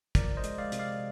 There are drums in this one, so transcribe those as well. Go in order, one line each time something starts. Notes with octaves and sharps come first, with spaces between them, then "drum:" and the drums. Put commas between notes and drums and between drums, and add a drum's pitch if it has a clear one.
F3 A#4 D5, drum: kick, hi-hat
C5 D#5
G#3, drum: hi-hat
D5 F5
C3, drum: hi-hat
D5 F5